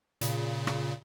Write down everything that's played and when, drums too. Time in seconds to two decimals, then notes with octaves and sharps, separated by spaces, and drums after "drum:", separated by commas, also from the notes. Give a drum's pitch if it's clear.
0.21 A#2 C#3, drum: hi-hat
0.67 drum: rim click